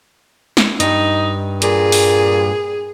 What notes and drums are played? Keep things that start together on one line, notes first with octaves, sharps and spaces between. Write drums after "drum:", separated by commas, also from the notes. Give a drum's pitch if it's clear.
drum: snare
G2 D#4, drum: hi-hat
A#2 G#4, drum: hi-hat
drum: open hi-hat